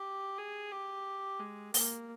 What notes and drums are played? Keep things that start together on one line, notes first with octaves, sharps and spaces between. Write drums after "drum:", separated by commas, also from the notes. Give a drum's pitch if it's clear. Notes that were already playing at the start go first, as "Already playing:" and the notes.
Already playing: G4
G#4
G4
G#3
A#3, drum: open hi-hat